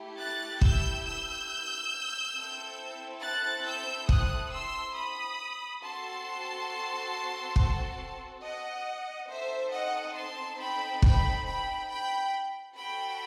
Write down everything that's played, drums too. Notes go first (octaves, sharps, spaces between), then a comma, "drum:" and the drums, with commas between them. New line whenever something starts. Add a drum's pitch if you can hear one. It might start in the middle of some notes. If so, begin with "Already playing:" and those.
Already playing: A3 E4 G4
F#6 A6
E6 G6, drum: kick
E6 G6
C4 E4 A4
F#6 A6
E6 G6
D#6 F#6, drum: kick
C6 E6
B5 D#6
C4 F#4 A4 A5 C6
drum: kick
D#5 F#5
C4 D#4 A4 C5 E5
D#5 F#5
A5 C6
G5 B5
G5 B5, drum: kick
G5 B5
G5 B5
C4 F#4 A4 G5 B5